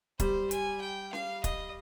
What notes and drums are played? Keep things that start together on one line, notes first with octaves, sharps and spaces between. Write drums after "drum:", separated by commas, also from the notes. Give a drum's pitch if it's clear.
G3 C5, drum: kick, hi-hat
G#5, drum: hi-hat
G5
F5, drum: snare C#4
D#5, drum: kick, hi-hat